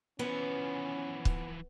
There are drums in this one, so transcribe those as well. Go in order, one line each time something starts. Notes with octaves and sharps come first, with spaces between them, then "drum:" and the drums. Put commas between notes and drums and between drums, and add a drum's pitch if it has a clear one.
E3 F3 B3 C#4
drum: kick C#1